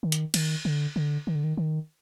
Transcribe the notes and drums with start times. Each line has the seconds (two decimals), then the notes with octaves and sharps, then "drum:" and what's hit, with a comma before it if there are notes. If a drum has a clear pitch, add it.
0.03 D#3
0.12 drum: hi-hat
0.34 D#3, drum: cymbal
0.65 D3
0.96 D3
1.27 D#3
1.35 D3
1.44 D#3
1.57 D#3